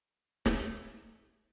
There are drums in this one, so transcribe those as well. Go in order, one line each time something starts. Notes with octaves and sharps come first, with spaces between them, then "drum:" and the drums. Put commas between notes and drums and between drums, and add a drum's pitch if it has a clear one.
A3, drum: snare